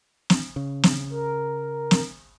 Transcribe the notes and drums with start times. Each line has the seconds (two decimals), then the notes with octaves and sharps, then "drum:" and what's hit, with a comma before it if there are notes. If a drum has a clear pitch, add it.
0.30 drum: snare
0.56 C#3
0.83 drum: snare
1.10 A#4
1.91 drum: snare